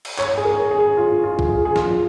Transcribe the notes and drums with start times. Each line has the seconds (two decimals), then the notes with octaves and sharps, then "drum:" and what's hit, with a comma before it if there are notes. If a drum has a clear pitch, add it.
0.05 drum: cymbal
0.19 C#5, drum: clap
0.38 G#4
0.45 A#4
0.71 G#4
0.97 F4
1.23 F4
1.39 drum: kick
1.49 G#4
1.65 G#4
1.76 F4, drum: snare